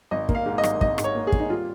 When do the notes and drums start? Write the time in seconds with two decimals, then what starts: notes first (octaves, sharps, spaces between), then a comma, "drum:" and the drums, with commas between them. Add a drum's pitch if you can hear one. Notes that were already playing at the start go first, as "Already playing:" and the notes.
0.11 G#1 D#5
0.29 A#3, drum: kick
0.35 F5
0.46 G#2
0.58 D#5
0.63 G#1, drum: rim click
0.81 G#1 D#5, drum: kick
0.98 G#2, drum: rim click
1.04 C#5
1.15 A#3
1.27 G#4
1.32 G#1, drum: kick
1.40 D#4
1.50 G3 F4